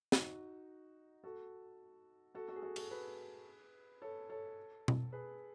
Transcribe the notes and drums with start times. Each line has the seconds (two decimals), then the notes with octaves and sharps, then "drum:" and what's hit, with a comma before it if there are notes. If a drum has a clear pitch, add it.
0.12 D#4 F#4, drum: snare
1.24 F#4 A4
2.35 F#4 A4
2.48 F#4 A4
2.56 G#4
2.62 F#4 A4
2.76 F#4 A4, drum: cymbal
2.91 G#4 B4
4.02 A4 C#5
4.29 A4 C#5
4.88 drum: tom B2
5.12 G#4 B4